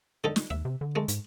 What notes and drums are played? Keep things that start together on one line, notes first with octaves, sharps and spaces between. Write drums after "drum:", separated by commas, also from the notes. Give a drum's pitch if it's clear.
D3 D#4 A4
drum: snare
D#2 E5
C3
D3
G#3 A3
G#2, drum: hi-hat